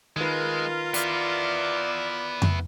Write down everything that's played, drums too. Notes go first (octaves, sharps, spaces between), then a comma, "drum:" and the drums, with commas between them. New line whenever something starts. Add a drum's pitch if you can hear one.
D#3 G#3 F4 A#4 B4
B3 E4 D5, drum: hi-hat
drum: tom F2